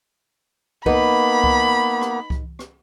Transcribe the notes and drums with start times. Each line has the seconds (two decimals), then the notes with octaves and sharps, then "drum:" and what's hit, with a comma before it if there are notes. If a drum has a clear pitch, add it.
0.86 A#3 B3 D#4 B4 B5, drum: kick C2
1.44 drum: kick C2
2.01 drum: rim click
2.30 drum: kick C2
2.59 drum: rim click